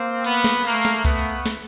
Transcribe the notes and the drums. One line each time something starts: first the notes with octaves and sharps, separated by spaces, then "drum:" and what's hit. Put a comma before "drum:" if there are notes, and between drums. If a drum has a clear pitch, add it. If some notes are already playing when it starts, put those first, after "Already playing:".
Already playing: A#3 C4
B3, drum: hi-hat
drum: snare
A3 A#3, drum: hi-hat
drum: snare
B3, drum: kick C2, hi-hat
drum: snare